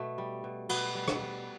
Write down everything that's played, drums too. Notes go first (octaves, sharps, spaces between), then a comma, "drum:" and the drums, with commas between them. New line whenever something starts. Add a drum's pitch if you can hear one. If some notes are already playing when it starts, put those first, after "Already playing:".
Already playing: B2 A3
G3
B2
B2 B3, drum: cymbal
G3
drum: rim click
G3